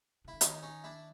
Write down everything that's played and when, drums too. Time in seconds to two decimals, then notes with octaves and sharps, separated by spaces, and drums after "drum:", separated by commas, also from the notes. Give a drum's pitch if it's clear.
0.24 C#3
0.28 E4
0.33 D3
0.41 D#3 C#4 D#4, drum: hi-hat
0.62 C#4 D#4
0.84 D4 E4